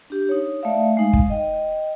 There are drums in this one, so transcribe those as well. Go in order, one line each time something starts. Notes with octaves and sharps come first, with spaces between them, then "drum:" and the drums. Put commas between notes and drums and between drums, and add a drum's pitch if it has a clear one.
D4 G4
D#4 C#5
A3 D5 E5 F5
G#3 D#4 F5
drum: kick
D#5 G5